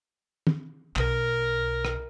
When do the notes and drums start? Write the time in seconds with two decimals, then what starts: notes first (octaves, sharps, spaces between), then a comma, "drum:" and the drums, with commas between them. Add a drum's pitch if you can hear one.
0.47 drum: tom
0.96 B1 A#4, drum: clap
1.85 drum: rim click